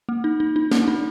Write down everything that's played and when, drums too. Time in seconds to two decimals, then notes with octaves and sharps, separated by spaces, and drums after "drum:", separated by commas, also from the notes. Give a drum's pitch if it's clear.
0.09 A#3
0.24 D#4
0.40 D#4
0.56 D#4
0.71 A#3, drum: snare
0.88 D#4